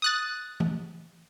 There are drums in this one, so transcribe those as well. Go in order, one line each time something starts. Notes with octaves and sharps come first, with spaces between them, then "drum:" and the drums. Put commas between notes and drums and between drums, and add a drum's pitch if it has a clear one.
D#6 F#6 A6
drum: tom E3